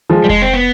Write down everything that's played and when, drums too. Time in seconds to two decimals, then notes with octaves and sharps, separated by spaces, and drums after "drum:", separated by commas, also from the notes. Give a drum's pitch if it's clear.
0.10 F3 G#3
0.24 G3
0.29 G#3, drum: kick F1
0.42 C4
0.54 B3